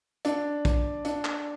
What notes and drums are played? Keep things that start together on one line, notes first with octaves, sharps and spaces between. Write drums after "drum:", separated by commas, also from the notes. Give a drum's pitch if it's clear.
D4, drum: hi-hat
drum: kick, hi-hat
D4, drum: hi-hat
drum: clap